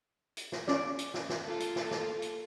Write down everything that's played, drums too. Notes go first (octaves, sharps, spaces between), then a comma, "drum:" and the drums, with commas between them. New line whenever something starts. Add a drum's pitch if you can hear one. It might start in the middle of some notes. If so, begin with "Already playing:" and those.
drum: hi-hat
drum: snare
C#4 D5, drum: snare
drum: hi-hat
drum: snare
drum: snare
A#3 F4 A4
drum: hi-hat
drum: snare
drum: snare
drum: hi-hat